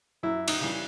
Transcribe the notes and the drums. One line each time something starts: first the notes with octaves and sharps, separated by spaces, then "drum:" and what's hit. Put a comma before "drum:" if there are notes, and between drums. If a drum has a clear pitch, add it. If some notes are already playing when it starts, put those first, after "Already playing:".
F#2 E4
D#4, drum: cymbal
C#3 E3 G3